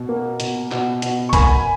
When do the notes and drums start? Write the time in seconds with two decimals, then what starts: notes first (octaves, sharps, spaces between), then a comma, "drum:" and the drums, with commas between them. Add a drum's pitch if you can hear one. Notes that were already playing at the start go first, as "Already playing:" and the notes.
Already playing: B2
0.09 A#3
0.40 B2, drum: hi-hat
0.71 B2, drum: clap
1.02 B2, drum: hi-hat
1.29 C#6
1.33 A#3 G#5 B5, drum: kick B1, hi-hat